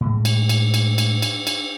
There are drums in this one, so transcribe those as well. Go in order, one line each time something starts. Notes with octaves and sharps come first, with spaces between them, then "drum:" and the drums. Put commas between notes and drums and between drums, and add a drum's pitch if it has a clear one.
A2 G#3
drum: cymbal
drum: cymbal
drum: cymbal
drum: cymbal
drum: cymbal
drum: cymbal